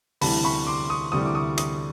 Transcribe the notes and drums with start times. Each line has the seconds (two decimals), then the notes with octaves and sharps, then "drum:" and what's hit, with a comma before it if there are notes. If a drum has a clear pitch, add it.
0.21 D2 C3 E3 G3 A5 B5, drum: open hi-hat
0.44 B5 C#6
0.67 C6 D6
0.90 C#6 D#6
1.12 D2 C3 E3 G3 C#6 D#6
1.26 D6
1.35 C#6 D#6
1.58 C#6 D#6, drum: hi-hat